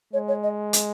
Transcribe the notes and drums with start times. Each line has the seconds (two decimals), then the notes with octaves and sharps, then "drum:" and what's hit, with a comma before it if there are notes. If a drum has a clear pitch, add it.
0.13 G#3 C#5
0.28 C#5
0.43 D#5
0.73 drum: hi-hat